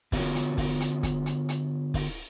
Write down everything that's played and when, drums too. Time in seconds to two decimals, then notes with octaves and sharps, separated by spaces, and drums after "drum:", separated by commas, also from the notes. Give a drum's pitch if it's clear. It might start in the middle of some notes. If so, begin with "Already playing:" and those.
0.12 D3 B3 F4 F#4 C#5, drum: kick, open hi-hat
0.35 drum: hi-hat
0.58 drum: kick, open hi-hat
0.80 drum: hi-hat
1.03 drum: kick, hi-hat
1.26 drum: hi-hat
1.49 drum: hi-hat
1.94 drum: kick, open hi-hat